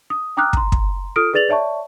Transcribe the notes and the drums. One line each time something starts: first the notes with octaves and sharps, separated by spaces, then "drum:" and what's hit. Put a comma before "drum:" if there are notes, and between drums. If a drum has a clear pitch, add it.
D#6
G5 A#5 D6 D#6 F6 F#6
A#5 C6, drum: kick
drum: kick
F4 A4 D#6 F6 D7
G#4 B4 D5 A6 F7 F#7
C#5 D5 E5 A5 C#6